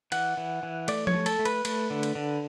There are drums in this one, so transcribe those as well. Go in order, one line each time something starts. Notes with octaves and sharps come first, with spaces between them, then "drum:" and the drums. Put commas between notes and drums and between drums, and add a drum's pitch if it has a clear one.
E3 F#5, drum: cymbal
E3
E3
A3 D5, drum: cymbal
C#5, drum: tom F3
A3
A4, drum: cymbal
A3
B4, drum: cymbal
A3, drum: cymbal
D3
drum: cymbal
D3